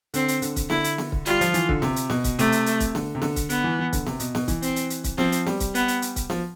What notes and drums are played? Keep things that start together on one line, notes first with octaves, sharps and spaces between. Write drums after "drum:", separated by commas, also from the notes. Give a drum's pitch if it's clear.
D3 C4, drum: hi-hat
drum: hi-hat
D3, drum: hi-hat
drum: kick C#1, hi-hat
D3 E4, drum: snare B3
drum: hi-hat
drum: snare B3
drum: kick C#1
G3 F4, drum: hi-hat
F3, drum: hi-hat
E3, drum: hi-hat
D3, drum: kick C#1
C3, drum: snare B3
drum: hi-hat
B2, drum: snare B3
drum: kick C#1, hi-hat
C3 A3, drum: hi-hat
drum: hi-hat
drum: hi-hat
drum: kick C#1, hi-hat
D3, drum: snare B3
C3
D3, drum: snare B3
drum: kick C#1, hi-hat
D3 B3, drum: hi-hat
E3
E3
D3, drum: kick C#1, hi-hat
C3, drum: snare B3
B2, drum: hi-hat
B2, drum: snare B3
E3, drum: kick C#1, hi-hat
C4, drum: hi-hat
drum: hi-hat
drum: hi-hat
drum: kick C#1, hi-hat
F3 C4, drum: snare B3
drum: hi-hat
G3, drum: snare B3
drum: kick C#1, hi-hat
B3, drum: hi-hat
drum: hi-hat
drum: hi-hat
drum: kick C#1, hi-hat
F3, drum: snare B3